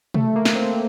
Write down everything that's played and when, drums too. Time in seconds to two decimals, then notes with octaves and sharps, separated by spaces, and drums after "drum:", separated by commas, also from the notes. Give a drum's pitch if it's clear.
0.14 A3, drum: tom B2
0.36 A#3
0.45 drum: snare
0.55 C4